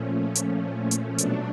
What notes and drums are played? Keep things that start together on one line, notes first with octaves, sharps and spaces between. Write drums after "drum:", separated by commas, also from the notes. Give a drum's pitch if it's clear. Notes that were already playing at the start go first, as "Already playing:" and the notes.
Already playing: A#2 F3 A3 C#4
drum: hi-hat
drum: hi-hat
B2 F#3 A3 D4, drum: hi-hat